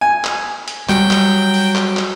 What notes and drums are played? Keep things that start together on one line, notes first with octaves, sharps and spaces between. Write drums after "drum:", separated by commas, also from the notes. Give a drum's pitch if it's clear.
G#5
drum: clap
drum: hi-hat
F#3 G3 G5, drum: clap
drum: clap
drum: open hi-hat
drum: clap
drum: clap